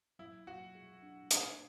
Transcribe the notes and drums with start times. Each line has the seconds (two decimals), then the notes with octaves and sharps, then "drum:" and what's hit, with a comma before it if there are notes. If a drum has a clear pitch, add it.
0.19 F#3 E4
0.47 F#3 F#4
0.75 G#4
1.03 D4
1.31 A3 G#4, drum: hi-hat